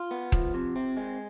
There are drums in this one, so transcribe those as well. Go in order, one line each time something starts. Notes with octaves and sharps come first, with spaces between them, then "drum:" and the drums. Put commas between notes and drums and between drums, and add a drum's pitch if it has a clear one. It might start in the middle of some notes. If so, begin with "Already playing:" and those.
Already playing: F4
B3
F3, drum: kick D#1
C3
C4
G#3